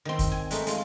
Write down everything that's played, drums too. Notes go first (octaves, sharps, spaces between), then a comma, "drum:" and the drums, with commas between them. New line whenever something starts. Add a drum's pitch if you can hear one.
D#3 C4
drum: kick, hi-hat
G#5
G#3 A3 D#4, drum: hi-hat
G#3 F4, drum: hi-hat